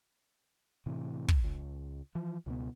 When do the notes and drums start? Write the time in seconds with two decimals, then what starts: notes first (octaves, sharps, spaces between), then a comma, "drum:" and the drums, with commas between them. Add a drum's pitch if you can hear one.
0.86 A2 C3 E3
1.28 drum: kick
1.44 C#2
2.15 E3 F3
2.46 C#2 B2 A3 B3